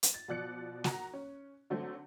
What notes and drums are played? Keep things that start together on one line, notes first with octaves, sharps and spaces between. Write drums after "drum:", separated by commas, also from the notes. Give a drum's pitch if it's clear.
drum: hi-hat
A6
B2 F3 D5 F#6 C#7
F#4 A#5, drum: snare
C#4
D3 F#3 A3 C4